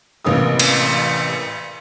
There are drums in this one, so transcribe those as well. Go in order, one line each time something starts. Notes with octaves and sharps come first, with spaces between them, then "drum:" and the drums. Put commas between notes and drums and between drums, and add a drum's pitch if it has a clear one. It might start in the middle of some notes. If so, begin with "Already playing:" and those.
A1 C3 A#3 B4 D#6
drum: cymbal